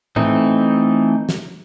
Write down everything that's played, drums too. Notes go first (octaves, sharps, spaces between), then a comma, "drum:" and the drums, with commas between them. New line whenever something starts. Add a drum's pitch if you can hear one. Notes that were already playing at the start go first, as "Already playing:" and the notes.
E3 A3 C4 D#4, drum: tom A2
drum: snare